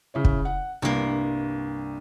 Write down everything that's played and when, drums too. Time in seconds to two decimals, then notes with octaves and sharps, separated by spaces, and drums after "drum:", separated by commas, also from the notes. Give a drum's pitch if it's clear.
0.14 C#3 E4 C#5
0.25 drum: kick
0.45 F#5
0.82 C2 G2 A#3